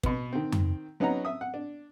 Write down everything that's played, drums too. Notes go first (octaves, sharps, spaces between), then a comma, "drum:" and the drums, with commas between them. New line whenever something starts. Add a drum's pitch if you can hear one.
B2 B3, drum: kick
D#3 C4
drum: tom F2
F#3 B3 C#4 D#4 F#5 A#5
E5 D#6
F#5
D4